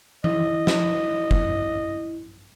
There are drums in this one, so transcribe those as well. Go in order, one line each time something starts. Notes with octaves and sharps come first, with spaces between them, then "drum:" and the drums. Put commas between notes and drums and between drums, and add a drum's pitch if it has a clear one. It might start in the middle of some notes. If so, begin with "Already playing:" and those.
E4 D#5, drum: tom E3
drum: snare
drum: kick